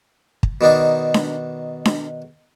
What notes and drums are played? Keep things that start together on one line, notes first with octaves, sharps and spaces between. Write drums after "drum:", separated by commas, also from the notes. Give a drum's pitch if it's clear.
drum: kick
B2 D#3 D4 D#4
drum: snare D4
drum: snare D4